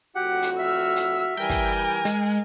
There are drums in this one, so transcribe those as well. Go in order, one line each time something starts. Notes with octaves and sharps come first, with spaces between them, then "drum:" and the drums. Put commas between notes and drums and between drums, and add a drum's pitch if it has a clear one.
F2 A2 F#4 G4 F#5
drum: hi-hat
E5 E6 F6
drum: hi-hat
E3 G3 A#4 G5 G#5
drum: kick, hi-hat
G#3, drum: hi-hat